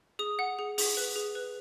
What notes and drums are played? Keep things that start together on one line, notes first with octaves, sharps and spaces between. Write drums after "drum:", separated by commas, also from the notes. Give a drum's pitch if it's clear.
G#4 D#6
F#5
G#4
G#4, drum: open hi-hat
B4
G#4
B4